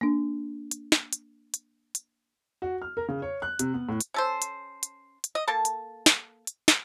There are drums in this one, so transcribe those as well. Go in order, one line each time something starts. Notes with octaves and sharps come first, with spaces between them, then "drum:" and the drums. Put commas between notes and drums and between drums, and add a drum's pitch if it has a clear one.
A#3 D4
drum: hi-hat
drum: snare
drum: hi-hat
drum: hi-hat
drum: hi-hat
F#4
F6
A#4
C#3
C#5
F#6
C3, drum: hi-hat
B3
A2
drum: hi-hat
C#4 A4 C5
drum: hi-hat
drum: hi-hat
drum: hi-hat
D#5
A#3 A4 A5
drum: hi-hat
drum: snare
drum: hi-hat
drum: snare